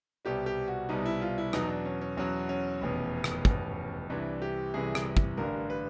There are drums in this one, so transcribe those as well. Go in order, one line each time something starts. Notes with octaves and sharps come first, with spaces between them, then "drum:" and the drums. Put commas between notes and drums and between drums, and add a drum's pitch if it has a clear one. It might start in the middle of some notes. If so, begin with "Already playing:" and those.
C2 B2 G3 G4
G4
F#4
C2 B2 G3 D#4
E4
F4
E4
E2 B2 F#3 D#4, drum: rim click
D4
C#4
C#4
E2 B2 F#3 C#4
C#4
F1 E2 B2
drum: rim click
F1 E2 B2, drum: kick
C2 C3 E3 D4
G4
C2 C3 E3 G#4
drum: rim click
drum: kick
A1 G2 D3 A#4
B4